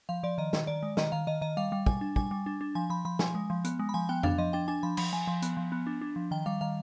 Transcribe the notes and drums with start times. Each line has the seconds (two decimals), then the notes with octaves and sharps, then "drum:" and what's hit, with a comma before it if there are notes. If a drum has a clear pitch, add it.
0.09 F3 F5
0.23 F3 D5
0.38 D#3 D#5
0.53 D#3, drum: snare
0.67 D#3 D5
0.83 G#3
0.97 D#3 D#5, drum: snare
1.12 D#3 F5
1.27 D#3 D#5
1.41 D#3 D#5
1.57 G3 F5
1.72 G3
1.86 G3 G#5, drum: kick
2.01 D4
2.16 G3 G#5, drum: kick
2.31 G3
2.46 D4
2.61 D4
2.75 F3 G#5
2.90 F3 B5
3.05 F3 B5
3.19 F3 G#5, drum: snare
3.35 G#3
3.50 F3
3.65 B3, drum: hi-hat
3.79 G#3
3.89 B5
3.94 F3 G#5
4.09 B3 G5
4.23 D4 F5, drum: tom F2
4.38 F3 D#5
4.53 D4 G5
4.68 D4 G#5
4.83 F3 B5
4.97 F3 B5, drum: cymbal
5.13 F3 G#5
5.27 F3
5.42 B3, drum: hi-hat
5.57 F3
5.72 B3
5.87 D4
6.01 D4
6.16 F3
6.31 D#3 G5
6.46 G3 F5
6.61 D#3 F5